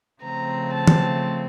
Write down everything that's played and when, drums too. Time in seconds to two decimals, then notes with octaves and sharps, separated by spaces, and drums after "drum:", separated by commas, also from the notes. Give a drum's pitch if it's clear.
0.22 C#3 F3 A3 C4 A#5
0.73 A5
0.87 drum: tom